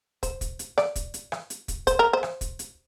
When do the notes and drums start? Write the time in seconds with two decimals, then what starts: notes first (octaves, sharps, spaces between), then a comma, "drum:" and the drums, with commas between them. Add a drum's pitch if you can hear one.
0.23 C5, drum: kick, hi-hat
0.41 drum: kick, hi-hat
0.59 drum: hi-hat
0.78 D5, drum: rim click
0.96 drum: kick, hi-hat
1.14 drum: hi-hat
1.32 drum: rim click
1.50 drum: hi-hat
1.68 drum: kick, hi-hat
1.87 C5, drum: kick, hi-hat
1.99 A#4
2.13 C5
2.23 drum: rim click
2.41 drum: kick, hi-hat
2.59 drum: hi-hat